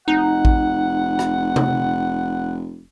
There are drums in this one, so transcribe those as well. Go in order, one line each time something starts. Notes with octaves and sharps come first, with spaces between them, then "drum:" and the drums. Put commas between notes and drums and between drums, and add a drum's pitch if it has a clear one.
F1 D#4 F#5
drum: kick A1
drum: rim click
drum: tom C3